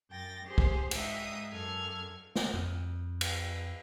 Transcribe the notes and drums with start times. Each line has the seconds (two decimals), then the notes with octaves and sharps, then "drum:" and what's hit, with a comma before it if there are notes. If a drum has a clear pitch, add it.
0.11 F#2 G5 A6 A#6
0.46 G4 G#4 C5
0.58 drum: kick
0.91 G#2 G#3 D#4 E5 D#6, drum: cymbal
1.53 F#2 A4 F6 G#6
2.35 drum: snare
2.54 F2
3.21 drum: cymbal